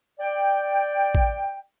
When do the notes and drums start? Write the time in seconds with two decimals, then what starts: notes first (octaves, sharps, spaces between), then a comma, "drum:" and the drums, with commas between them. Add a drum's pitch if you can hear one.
0.20 D5 G5
1.15 drum: kick A1